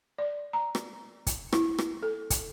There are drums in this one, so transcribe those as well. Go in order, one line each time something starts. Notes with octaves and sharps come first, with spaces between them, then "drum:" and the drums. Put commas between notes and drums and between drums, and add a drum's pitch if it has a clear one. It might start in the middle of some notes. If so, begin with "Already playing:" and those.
D5
A#5
drum: rim click
drum: kick, hi-hat
E4, drum: rim click
drum: rim click
A4
drum: kick, hi-hat